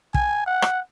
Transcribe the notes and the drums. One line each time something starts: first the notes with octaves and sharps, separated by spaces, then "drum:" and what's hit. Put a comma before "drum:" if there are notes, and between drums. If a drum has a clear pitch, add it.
G#5, drum: kick
F#5
drum: rim click